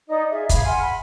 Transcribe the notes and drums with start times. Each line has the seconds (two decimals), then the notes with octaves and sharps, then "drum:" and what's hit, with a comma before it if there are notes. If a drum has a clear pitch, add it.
0.09 D#4 D5 D#5 D#6
0.30 F4 G#4 E5
0.49 E5 F5 B5 G#6, drum: kick, hi-hat
0.63 F#5 G#5 C6 F6
0.81 B5